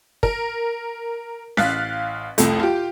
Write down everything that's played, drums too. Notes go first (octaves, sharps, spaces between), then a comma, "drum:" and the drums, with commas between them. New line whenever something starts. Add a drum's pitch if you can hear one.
A#4, drum: kick
A1 F5 F#6 A6 B6, drum: snare C#4
C2 F2 A3, drum: hi-hat
F4 G4